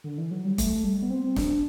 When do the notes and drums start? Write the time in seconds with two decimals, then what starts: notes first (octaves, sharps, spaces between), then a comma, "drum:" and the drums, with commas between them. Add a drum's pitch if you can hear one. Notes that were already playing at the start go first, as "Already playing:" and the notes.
0.04 D3
0.18 E3
0.31 F#3
0.45 G3
0.58 A3, drum: kick, hi-hat
0.84 G3
1.02 B3
1.10 C4
1.36 D4, drum: snare